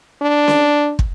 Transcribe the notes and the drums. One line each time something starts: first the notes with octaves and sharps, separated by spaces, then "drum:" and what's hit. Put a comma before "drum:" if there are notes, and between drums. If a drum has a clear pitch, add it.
D4
drum: snare C#4
drum: kick